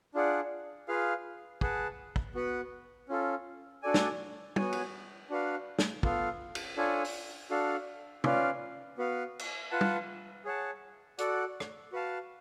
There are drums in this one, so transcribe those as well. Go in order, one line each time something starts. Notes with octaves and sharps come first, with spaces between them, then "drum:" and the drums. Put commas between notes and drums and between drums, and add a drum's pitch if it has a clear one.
D4 F4 G#4 D5 F#5
F4 G#4 B4 F5
G#4 B4 F#5 A5, drum: kick
drum: kick
B3 F#4 B4 F#5
C#4 F4 A4
D4 F#4 A4 D5 G#5
drum: snare
B3 F#4 C#5 G#5, drum: tom
drum: cymbal
D4 F#4 B4 F5
drum: snare
B3 F4 A4 F5, drum: kick
drum: cymbal
D4 F4 A4 C#5 G#5
drum: open hi-hat
D4 F#4 A4 F5
C#4 F4 B4 D5 F5, drum: tom
B3 F#4 B4 F5
drum: cymbal
F4 B4 F#5 A5
drum: tom
G#4 C#5 F#5 A5
F#4 A4 D5 F#5, drum: hi-hat
drum: rim click
F#4 B4 F5 A5